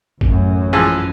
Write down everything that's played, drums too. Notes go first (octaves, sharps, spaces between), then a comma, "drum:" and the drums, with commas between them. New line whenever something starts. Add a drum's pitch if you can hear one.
A1 F#2, drum: kick
E3 F3 G#3